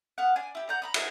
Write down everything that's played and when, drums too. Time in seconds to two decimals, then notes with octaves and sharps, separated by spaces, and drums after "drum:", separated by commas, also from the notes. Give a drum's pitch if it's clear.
0.18 B3 F5 F#5
0.36 D4 G#5
0.55 E4 G4
0.69 D5 F#5 A#5 G6
0.82 A#5 B5 D#6
0.94 E4 G#4 A#4 D#5, drum: cymbal